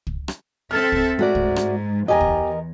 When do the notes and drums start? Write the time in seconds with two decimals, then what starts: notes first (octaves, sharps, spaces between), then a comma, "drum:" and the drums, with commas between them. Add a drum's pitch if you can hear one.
0.07 drum: kick
0.28 drum: rim click
0.71 C4 A4 E5 F6
0.92 drum: kick
1.19 G#2 A3 F#4 D5
1.35 drum: kick
1.56 drum: rim click
2.08 E2 G4 A#4 D#5 G#5 A#5
2.21 drum: kick